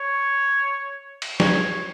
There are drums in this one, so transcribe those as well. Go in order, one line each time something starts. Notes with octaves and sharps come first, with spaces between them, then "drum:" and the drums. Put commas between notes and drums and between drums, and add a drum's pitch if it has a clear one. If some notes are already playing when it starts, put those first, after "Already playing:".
Already playing: C#5
drum: cymbal
C#5, drum: snare